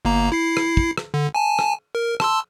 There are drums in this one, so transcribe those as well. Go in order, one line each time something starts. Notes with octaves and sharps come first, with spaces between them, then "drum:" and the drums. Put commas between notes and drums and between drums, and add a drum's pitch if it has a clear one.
G1 A#3 A#5
E4 C7
drum: rim click
drum: kick
drum: rim click
D3
G#5 A5
drum: rim click
A#4
A5 C6 E6, drum: rim click